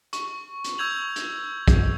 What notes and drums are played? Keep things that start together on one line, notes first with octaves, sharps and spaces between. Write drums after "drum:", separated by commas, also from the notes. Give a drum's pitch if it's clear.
C#6, drum: hi-hat
drum: hi-hat
C#6 E6 G6 G#6 F7 F#7
drum: hi-hat
drum: kick, hi-hat